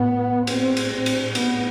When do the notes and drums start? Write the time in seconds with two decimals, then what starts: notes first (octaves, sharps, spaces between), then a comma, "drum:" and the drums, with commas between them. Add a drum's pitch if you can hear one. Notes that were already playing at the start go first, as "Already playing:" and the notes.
Already playing: A2 B3
0.47 A2 C4, drum: cymbal
0.77 drum: cymbal
0.91 C4
1.06 drum: cymbal
1.35 A2 B3, drum: cymbal